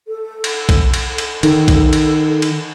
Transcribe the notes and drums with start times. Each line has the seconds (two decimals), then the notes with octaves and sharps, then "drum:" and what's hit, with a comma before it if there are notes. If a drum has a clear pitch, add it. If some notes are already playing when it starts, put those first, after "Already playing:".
0.08 A4
0.44 drum: cymbal
0.69 drum: kick B1, cymbal
0.94 drum: cymbal
1.18 drum: cymbal
1.43 D#3 A4, drum: cymbal
1.68 drum: kick B1, cymbal
1.93 drum: cymbal
2.42 drum: cymbal